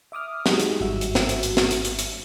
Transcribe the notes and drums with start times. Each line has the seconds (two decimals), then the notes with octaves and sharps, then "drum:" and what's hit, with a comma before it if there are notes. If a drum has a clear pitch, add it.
0.12 E5 D6 D#6 F6
0.46 F#3 G#3 D#4 G4 G#4, drum: snare
0.60 drum: hi-hat
0.81 G#1 G2 G3 F#4 E5 E6
1.01 drum: hi-hat
1.15 drum: snare
1.29 drum: hi-hat
1.43 drum: hi-hat
1.57 drum: snare
1.71 drum: hi-hat
1.85 drum: hi-hat
1.99 drum: hi-hat